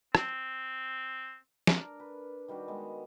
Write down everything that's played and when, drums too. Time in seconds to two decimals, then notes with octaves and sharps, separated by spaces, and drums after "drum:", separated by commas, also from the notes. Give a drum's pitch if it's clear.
0.15 C4, drum: rim click
1.67 D4 A#4, drum: snare
2.00 B4
2.48 D#3 G3 F#4 G4
2.68 G#3 B3